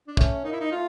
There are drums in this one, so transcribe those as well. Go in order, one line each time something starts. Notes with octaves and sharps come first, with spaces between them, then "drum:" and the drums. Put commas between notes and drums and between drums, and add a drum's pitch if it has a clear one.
D4
A3 C#4, drum: kick
A#3 D#4
E4
D#4
A3 F4